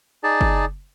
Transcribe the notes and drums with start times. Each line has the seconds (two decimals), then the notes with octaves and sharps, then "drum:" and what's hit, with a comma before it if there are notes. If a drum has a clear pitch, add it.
0.24 D#4 G#4 D5 A5
0.41 drum: kick